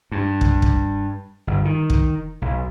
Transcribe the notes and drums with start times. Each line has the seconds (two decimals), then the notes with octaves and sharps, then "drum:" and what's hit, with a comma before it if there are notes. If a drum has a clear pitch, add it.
0.12 G2
0.41 drum: kick
0.62 drum: kick
1.47 G1
1.65 D#3
1.90 drum: kick
2.42 B1